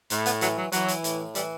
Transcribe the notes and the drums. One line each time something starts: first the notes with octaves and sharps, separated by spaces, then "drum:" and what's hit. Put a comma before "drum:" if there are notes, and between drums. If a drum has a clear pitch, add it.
A2, drum: hi-hat
B3, drum: hi-hat
E3 F#3, drum: hi-hat
F#3
E3 F#3, drum: hi-hat
drum: hi-hat
A2, drum: hi-hat
E3 G3, drum: hi-hat